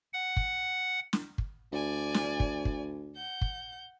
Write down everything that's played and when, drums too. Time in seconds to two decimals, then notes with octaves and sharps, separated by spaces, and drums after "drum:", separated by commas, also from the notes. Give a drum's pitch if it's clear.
0.13 F#5
0.37 drum: kick
1.13 drum: snare
1.38 drum: kick
1.72 D2 D5 G#5
2.14 drum: snare
2.40 drum: kick
2.65 drum: kick
3.16 F#5 G6
3.41 drum: kick